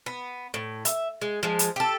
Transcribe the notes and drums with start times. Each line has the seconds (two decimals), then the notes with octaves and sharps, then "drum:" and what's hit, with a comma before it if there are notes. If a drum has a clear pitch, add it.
0.06 B3
0.54 A2
0.85 E5, drum: hi-hat
1.21 G#3
1.43 F3 G#3
1.59 drum: hi-hat
1.76 G4 A4